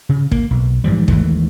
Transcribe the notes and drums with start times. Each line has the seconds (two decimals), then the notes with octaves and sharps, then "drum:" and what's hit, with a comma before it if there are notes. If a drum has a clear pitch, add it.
0.09 C#3
0.31 A#3, drum: kick
0.51 B1
0.84 G#2 E3 F3 G3
1.08 D#2 E3 G#3 A3, drum: kick